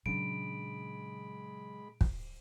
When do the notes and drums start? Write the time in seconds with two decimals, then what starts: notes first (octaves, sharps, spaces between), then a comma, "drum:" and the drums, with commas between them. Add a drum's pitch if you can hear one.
0.06 A#2 C#3 F#3 G#3 D4 B5 D7
2.01 drum: kick